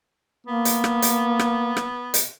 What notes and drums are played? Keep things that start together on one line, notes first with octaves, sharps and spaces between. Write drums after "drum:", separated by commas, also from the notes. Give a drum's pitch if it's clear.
A#3 B3
drum: hi-hat
drum: rim click
drum: hi-hat
drum: rim click
drum: rim click
drum: hi-hat